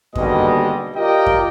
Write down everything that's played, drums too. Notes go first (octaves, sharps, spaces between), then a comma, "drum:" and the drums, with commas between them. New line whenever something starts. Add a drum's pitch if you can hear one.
D#2 B2 D3 G3 G#3 D#5, drum: kick F#2
F4 G4 A#4 D5 D#5 G5
drum: kick F#2